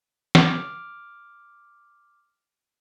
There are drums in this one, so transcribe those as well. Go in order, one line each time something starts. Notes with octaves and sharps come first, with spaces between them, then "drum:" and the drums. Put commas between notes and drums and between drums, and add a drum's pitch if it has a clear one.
D6 F6, drum: snare